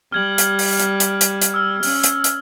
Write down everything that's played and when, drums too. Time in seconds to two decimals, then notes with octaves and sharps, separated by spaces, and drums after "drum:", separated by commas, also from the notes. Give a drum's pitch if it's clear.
0.12 G3 F6 G#6 F#7
0.38 drum: hi-hat
0.59 drum: open hi-hat
0.80 drum: hi-hat
1.00 drum: hi-hat
1.21 drum: hi-hat
1.42 drum: hi-hat
1.54 E6 F6
1.83 C#4, drum: open hi-hat
2.04 drum: hi-hat
2.24 drum: hi-hat